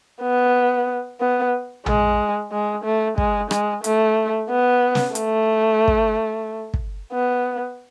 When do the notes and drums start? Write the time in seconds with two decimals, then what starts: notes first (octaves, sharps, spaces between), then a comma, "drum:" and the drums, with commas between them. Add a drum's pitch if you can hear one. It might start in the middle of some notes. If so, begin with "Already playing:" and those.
0.22 B3
1.21 B3
1.86 G#3, drum: tom A#1
2.52 G#3
2.85 A3
3.18 G#3, drum: kick
3.51 G#3, drum: rim click
3.84 A3, drum: hi-hat
4.50 B3
4.95 drum: snare
5.15 A3, drum: hi-hat
5.88 drum: kick
6.74 drum: kick
7.13 B3